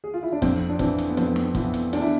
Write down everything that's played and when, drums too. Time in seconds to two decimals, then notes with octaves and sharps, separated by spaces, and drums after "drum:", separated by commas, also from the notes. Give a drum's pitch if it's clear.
0.04 G#4
0.14 F4
0.23 E4
0.32 D4
0.42 F2 C4, drum: kick, hi-hat
0.70 D4
0.79 E3 C4, drum: kick, hi-hat
0.98 drum: hi-hat
1.10 B3
1.17 F2 C4, drum: hi-hat
1.36 drum: snare
1.55 E3 B3, drum: kick, hi-hat
1.74 drum: hi-hat
1.93 E2 D4, drum: hi-hat
2.02 E4